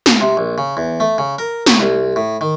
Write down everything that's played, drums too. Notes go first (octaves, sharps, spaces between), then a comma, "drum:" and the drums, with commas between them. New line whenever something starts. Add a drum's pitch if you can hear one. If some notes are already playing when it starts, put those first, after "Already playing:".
drum: snare
C3
A#1
C#3
E2
A3
C#3
A#4
C#5, drum: snare
C2
A2
D#3